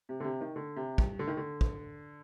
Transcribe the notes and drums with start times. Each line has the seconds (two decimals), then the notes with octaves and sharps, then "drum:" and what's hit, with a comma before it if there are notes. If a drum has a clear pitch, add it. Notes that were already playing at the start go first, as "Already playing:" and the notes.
0.09 C3
0.20 D3
0.24 C3
0.41 D#3
0.56 D3
0.76 C3
0.98 G2, drum: kick
1.19 D3
1.27 D#3
1.37 D3
1.61 drum: kick